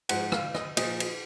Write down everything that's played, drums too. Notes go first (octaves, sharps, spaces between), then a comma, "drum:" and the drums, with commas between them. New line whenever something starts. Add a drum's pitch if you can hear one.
G#2 F3 F#5, drum: cymbal
F5, drum: rim click
D#5, drum: rim click
A#2 F3 D#5, drum: cymbal
drum: cymbal